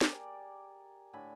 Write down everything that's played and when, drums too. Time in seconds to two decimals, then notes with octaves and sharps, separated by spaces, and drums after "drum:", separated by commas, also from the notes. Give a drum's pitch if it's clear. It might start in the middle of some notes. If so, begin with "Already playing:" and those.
0.01 G4 G#4 A#4 D5, drum: snare
1.13 A2 D3 G#5 B5